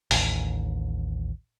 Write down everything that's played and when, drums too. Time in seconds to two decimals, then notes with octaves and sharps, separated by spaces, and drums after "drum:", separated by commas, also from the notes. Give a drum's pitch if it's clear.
0.11 A1 D#2, drum: open hi-hat